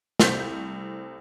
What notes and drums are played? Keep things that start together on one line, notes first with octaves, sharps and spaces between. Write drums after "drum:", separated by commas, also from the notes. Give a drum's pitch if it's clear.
C2 A3 C4 G6 B6, drum: snare